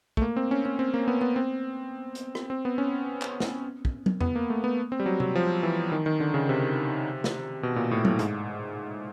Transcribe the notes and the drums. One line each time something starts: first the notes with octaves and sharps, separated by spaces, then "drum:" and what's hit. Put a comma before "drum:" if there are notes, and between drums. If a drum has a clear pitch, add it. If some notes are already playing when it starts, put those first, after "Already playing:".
A3, drum: kick
A#3
C4
C#4
C#4
C4
A#3
B3
B3
C4
drum: hi-hat
drum: rim click
C4
B3
C#4
drum: clap
drum: snare
drum: kick
drum: tom
B3, drum: tom E2
A#3
A3
B3
C4
G3
F#3
F#3, drum: tom C3
F3
E3
D#3
D#3
D3
C#3
C3
drum: snare
B2
A#2
A2
A2, drum: tom
G#2, drum: hi-hat